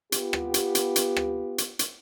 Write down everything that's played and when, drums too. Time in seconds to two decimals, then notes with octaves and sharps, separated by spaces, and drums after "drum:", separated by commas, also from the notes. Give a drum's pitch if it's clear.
0.12 B3 F4 G4, drum: hi-hat
0.33 drum: rim click
0.54 drum: hi-hat
0.75 drum: hi-hat
0.96 drum: hi-hat
1.16 drum: rim click
1.58 drum: hi-hat
1.79 drum: hi-hat